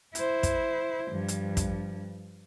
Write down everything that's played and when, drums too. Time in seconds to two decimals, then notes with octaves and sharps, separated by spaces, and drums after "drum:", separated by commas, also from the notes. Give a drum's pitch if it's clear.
0.15 E4 C5, drum: hi-hat
0.43 drum: kick, hi-hat
1.11 G2 F3
1.28 drum: hi-hat
1.57 drum: kick, hi-hat